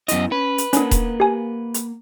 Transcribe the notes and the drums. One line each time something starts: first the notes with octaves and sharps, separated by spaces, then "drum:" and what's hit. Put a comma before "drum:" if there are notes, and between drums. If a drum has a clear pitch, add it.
F#2 B3 E4 D#5, drum: hi-hat
C#4 B4
drum: hi-hat
A#3 C#4 D4 A#4 F#5, drum: hi-hat
drum: kick D#1, hi-hat
G4 G#5
drum: hi-hat